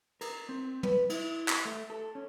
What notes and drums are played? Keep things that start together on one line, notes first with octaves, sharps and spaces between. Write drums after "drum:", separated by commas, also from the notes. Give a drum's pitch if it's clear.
A#4, drum: cymbal
C4
B4, drum: tom
E4, drum: cymbal
drum: clap
A3
A4
C#4